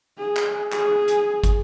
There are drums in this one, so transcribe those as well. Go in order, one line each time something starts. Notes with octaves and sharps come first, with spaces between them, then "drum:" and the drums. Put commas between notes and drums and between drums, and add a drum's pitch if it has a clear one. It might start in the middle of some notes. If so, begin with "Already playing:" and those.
G#4
drum: clap
G#4, drum: clap
drum: hi-hat
drum: kick, hi-hat